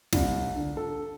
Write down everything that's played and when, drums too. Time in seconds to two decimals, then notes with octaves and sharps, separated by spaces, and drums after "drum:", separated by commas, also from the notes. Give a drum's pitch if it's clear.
0.13 C2, drum: snare
0.56 D3
0.77 A4